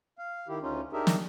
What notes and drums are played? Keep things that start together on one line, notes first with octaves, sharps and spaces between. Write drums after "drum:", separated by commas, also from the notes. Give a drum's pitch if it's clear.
F5
D#3 E4 G4
D2 C#4 D#4 F4
D4 D#4 G4 G#4 A#4 E5
drum: snare